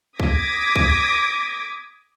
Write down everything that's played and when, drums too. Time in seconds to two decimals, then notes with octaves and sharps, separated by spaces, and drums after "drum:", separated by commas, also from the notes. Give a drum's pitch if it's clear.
0.20 D6 D#6 G#6 A#6 B6, drum: kick C#2
0.76 drum: kick C#2